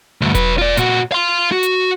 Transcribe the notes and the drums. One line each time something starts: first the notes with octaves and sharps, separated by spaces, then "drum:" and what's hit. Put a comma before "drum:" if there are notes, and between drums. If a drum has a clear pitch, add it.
D2 G2
F#3 B4, drum: kick E1, hi-hat
F4 D5
A#2 F#4, drum: hi-hat
F5 C6
F#4
drum: hi-hat